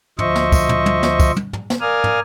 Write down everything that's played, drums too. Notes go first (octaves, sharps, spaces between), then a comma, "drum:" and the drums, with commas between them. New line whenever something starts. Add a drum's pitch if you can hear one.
D2 F3 C5 D#5 E5 C#6, drum: tom
drum: snare
drum: kick, tambourine
drum: tom
drum: tom
drum: snare
drum: kick, tambourine
drum: tom
drum: tom
drum: snare
A#4 D5 F5 G#5 D#6 F6
drum: tom